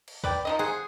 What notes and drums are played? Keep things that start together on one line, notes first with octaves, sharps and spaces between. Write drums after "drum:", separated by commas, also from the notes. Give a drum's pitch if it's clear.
drum: cymbal
B4 D5 G5, drum: kick
F3 D#4 D#5
G#4 C5 F#5